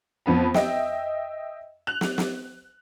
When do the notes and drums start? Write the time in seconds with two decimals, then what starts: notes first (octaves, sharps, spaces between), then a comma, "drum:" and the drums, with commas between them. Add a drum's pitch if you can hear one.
0.26 F2 B3 B5
0.54 D#5 E5 G5, drum: snare
1.87 F#6 F7
2.01 drum: snare
2.18 drum: snare